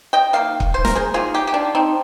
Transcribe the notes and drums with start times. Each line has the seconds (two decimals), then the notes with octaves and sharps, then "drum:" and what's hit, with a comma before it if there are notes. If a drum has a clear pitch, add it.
0.13 D#5 G5
0.33 D#3 A#3 F5
0.60 drum: kick
0.74 C5
0.85 A#4, drum: snare
0.95 G#4 C5
1.14 D#3 A#3 F4 G#4
1.34 D#4 G4
1.47 G4
1.54 D4 F4
1.75 C4 D#4